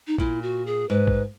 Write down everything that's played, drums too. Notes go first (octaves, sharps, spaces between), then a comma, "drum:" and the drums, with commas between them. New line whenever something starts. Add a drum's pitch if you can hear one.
D#4
A#2 E4, drum: kick
F#4
G#4
G#2 B4
drum: kick